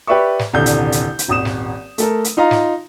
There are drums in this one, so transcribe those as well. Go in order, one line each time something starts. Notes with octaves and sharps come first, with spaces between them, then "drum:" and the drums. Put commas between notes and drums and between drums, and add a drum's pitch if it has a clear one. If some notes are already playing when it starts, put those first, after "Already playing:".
G4 B4 D5 E5 C#6
drum: snare
D#1 C2 D3 G6
drum: hi-hat
drum: hi-hat
drum: hi-hat
D#1 G#1 D#6 E7
drum: snare
A3 A4 A#4, drum: hi-hat
drum: hi-hat
D#4 F4 F5 A#5
drum: snare